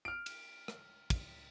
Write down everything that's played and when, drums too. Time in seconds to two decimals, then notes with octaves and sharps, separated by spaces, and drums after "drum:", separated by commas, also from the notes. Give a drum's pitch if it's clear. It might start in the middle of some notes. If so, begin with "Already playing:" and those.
0.05 F6 D7
0.26 drum: cymbal
0.68 drum: rim click
1.10 drum: kick, cymbal